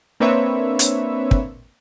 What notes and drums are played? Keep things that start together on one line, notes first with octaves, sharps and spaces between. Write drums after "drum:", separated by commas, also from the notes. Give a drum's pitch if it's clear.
A#3 C4 D4 B4 C#5 E5
drum: hi-hat
drum: kick